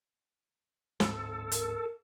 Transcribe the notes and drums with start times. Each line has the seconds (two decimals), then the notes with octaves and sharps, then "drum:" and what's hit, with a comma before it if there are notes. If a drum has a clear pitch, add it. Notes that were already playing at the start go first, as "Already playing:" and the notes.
1.00 D1 G#2 C4 A4, drum: snare
1.52 A#4, drum: hi-hat